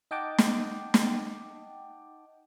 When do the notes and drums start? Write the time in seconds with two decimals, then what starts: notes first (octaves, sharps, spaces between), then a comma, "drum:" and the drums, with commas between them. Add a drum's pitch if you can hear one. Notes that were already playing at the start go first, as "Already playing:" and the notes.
0.11 D#4 D#5 F#5 G5 A5 D6
0.38 drum: snare
0.94 drum: snare